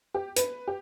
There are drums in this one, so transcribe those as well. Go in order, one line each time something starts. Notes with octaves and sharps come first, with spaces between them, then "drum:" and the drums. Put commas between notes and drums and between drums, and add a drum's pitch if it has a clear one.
G4
B4, drum: hi-hat
G4